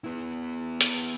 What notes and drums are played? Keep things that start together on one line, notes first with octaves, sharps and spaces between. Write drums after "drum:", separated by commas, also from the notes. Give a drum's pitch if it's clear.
B3 E4
drum: hi-hat